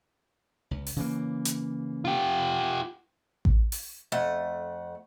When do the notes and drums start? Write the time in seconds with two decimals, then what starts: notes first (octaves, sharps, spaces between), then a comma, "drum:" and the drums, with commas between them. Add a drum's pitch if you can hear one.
0.71 C#2
0.87 drum: open hi-hat
0.96 C#3 E3 A#3
1.45 drum: hi-hat
2.05 F4 G4
3.45 drum: kick A1
3.72 drum: open hi-hat
4.12 F2 A3 F#5